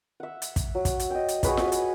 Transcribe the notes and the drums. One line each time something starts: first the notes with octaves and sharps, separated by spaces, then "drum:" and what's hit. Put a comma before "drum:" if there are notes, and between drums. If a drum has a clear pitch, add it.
E5 F#5
drum: hi-hat
drum: kick, hi-hat
F#3
drum: kick, hi-hat
drum: hi-hat
D#5 G5
drum: hi-hat
F#4 G#4 B4 C#5, drum: kick, hi-hat
drum: snare F4
drum: hi-hat